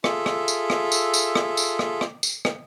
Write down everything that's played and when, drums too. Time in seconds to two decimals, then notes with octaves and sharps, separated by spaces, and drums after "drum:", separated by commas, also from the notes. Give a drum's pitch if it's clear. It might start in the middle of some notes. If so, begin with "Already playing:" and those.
0.04 F4 G#4 A4 E5, drum: rim click
0.26 drum: rim click
0.48 drum: tambourine
0.70 drum: rim click
0.92 drum: tambourine
1.14 drum: tambourine
1.35 drum: rim click
1.57 drum: tambourine
1.79 drum: rim click
2.01 drum: rim click
2.23 drum: tambourine
2.45 drum: rim click